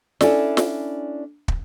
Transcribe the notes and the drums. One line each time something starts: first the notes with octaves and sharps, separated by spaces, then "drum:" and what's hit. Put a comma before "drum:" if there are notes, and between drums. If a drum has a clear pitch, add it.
C#4 D4 E4 A4 D5, drum: snare
drum: snare
drum: kick